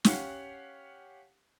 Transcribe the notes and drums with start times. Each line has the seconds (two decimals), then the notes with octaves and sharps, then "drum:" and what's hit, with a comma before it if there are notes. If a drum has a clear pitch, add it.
0.05 C#4 G4 F5 F#5, drum: snare